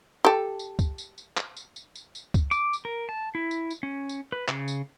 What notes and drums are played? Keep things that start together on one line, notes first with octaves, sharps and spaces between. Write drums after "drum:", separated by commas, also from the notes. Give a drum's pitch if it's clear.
G4 A4
drum: tambourine
drum: kick, tambourine
drum: tambourine
drum: tambourine
drum: clap
drum: tambourine
drum: tambourine
drum: tambourine
drum: tambourine
drum: kick, tambourine
D6, drum: tambourine
drum: tambourine
A#4
A5
E4
drum: tambourine
drum: tambourine
C#4
drum: tambourine
B4
C#3, drum: clap
drum: tambourine